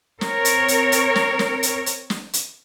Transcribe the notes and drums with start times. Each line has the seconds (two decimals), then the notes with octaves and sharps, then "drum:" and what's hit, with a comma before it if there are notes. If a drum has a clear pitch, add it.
0.21 C4 A#4 C#5, drum: snare
0.45 drum: hi-hat
0.68 drum: hi-hat
0.92 drum: hi-hat
1.15 drum: snare
1.39 drum: snare
1.63 drum: hi-hat
1.86 drum: hi-hat
2.10 drum: snare
2.33 drum: hi-hat